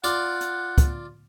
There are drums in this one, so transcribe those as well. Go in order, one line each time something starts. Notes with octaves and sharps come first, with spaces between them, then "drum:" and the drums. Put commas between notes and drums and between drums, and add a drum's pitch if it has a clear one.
F4 D5 F#5 D6, drum: hi-hat
drum: hi-hat
drum: kick, hi-hat